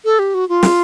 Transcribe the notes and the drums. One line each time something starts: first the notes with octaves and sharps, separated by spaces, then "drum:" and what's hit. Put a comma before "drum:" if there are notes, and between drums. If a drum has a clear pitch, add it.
A4
G4
F#4
F4
drum: snare